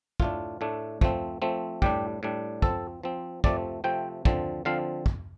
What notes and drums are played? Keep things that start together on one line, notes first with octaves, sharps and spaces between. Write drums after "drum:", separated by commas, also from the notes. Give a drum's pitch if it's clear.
A2 A3 D4 F4, drum: kick
A2 A3 D4
F3 A3 C4, drum: kick
F3 A3 C4
A2 G3 D4 G4, drum: kick
A2 G3 D4
F3 C4 A4, drum: kick
F3 C4
C3 F3 A3 C4 D5, drum: kick
C3 F3 A3 C4 G5
D3 F3 C4, drum: kick
D3 F3 C4 F5
drum: kick